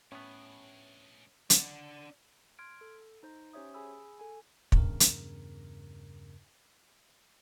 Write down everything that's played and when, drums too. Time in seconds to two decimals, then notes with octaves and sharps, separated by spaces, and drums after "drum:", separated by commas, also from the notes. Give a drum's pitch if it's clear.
0.12 A2 B3 C#4 D4 G#4 C#6
1.50 D4 F#5, drum: hi-hat
2.59 C6 F6 G#6 D7
2.81 A4
3.23 D#4 C5 A#5
3.53 C#4 G4 C5 C#5 E5 D#6
3.74 G#4 G#5 B5 E6
4.19 A4 G#5
4.72 E2 G2 C#3 A#4, drum: kick
5.00 drum: hi-hat